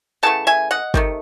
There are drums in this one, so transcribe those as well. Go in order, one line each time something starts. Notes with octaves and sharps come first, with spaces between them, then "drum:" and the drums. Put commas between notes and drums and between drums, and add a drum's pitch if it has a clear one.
C#3 E3 A3 F#5 A5
E5 G#5
D#5 F#5
C3 D#3 A3, drum: kick G1